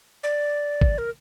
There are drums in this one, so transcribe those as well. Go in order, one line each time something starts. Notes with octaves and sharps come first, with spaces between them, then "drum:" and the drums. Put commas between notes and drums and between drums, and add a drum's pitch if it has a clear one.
D5
drum: kick
A#4